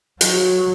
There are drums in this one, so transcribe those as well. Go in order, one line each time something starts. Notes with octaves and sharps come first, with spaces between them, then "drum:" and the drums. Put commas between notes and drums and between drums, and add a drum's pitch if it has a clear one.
F#3, drum: hi-hat